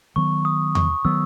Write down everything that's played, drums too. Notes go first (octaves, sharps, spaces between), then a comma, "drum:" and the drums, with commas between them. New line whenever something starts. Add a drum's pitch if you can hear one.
D#3 F#3 B3 C#6
D#6
C#6, drum: tom E2
D#3 F#3 B3 E6